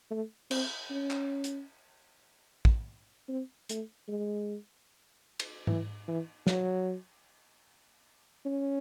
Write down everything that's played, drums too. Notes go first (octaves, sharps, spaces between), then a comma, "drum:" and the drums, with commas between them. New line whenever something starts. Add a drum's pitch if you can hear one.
A3
C4, drum: cymbal
C#4
drum: clap
drum: hi-hat
drum: kick
C4
A3, drum: hi-hat
G#3
drum: cymbal
E3, drum: tom G#2
E3
F#3, drum: snare
C#4